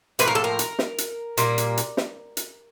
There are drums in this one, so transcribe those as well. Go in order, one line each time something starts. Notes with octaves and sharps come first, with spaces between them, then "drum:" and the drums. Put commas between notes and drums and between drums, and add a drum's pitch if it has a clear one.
A2 F3 A#3 B4, drum: hi-hat
A#4
A4
A#4
drum: hi-hat
drum: snare
drum: hi-hat
A#2 G3 A#3, drum: hi-hat
drum: hi-hat
drum: hi-hat
drum: snare
drum: hi-hat